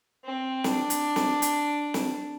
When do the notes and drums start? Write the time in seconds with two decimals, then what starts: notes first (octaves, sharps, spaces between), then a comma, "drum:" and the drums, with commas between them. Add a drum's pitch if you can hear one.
0.25 C4
0.64 D4, drum: snare
0.90 drum: hi-hat
1.16 drum: snare
1.42 drum: hi-hat
1.94 drum: snare